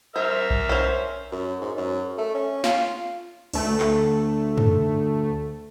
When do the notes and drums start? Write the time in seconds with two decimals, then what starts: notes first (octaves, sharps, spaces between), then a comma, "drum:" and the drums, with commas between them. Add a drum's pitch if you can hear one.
0.16 A#4 C5 E5 F6
0.50 drum: kick B1
0.69 C#4 C5
1.32 F#2
1.61 G#2
1.77 F#2
2.18 A3
2.34 C#4
2.64 F4, drum: snare
3.53 D2 A3, drum: cymbal
3.80 drum: clap
4.57 drum: tom